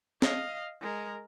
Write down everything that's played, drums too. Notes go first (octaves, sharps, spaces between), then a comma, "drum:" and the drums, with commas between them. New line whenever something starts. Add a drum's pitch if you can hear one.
D#5 F5, drum: snare
G#3 A#4